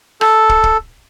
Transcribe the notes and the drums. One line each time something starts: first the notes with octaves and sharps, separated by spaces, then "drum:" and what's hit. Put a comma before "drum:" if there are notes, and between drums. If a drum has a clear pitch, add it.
A4, drum: rim click
drum: kick
drum: kick